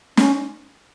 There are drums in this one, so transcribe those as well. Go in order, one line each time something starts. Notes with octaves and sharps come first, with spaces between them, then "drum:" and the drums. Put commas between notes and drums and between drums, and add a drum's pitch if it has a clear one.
C#4, drum: snare